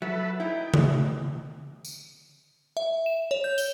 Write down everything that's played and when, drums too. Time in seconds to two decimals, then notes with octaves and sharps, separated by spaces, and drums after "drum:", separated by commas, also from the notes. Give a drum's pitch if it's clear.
0.02 F#3 A4 B4 E5
0.40 D#4 E4 G#4 D#5 G5
0.74 drum: tom C#3
1.85 drum: tambourine
2.77 E5
3.06 E7
3.31 C#5
3.44 G6
3.58 G7, drum: tambourine